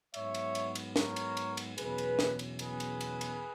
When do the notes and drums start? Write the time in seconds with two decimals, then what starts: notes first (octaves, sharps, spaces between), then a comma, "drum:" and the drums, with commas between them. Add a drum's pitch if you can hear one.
0.14 G#2 F#3 B3 C#5 E5, drum: cymbal
0.35 drum: cymbal
0.55 drum: cymbal
0.75 drum: cymbal
0.96 A#4 C#5, drum: snare
1.16 drum: cymbal
1.37 drum: cymbal
1.57 drum: cymbal
1.78 E2 B2 F#3 C#4 G#4 B4, drum: cymbal
1.98 drum: cymbal
2.19 drum: snare
2.39 drum: cymbal
2.59 G#4 B4, drum: cymbal
2.80 drum: cymbal
3.01 drum: cymbal
3.21 drum: cymbal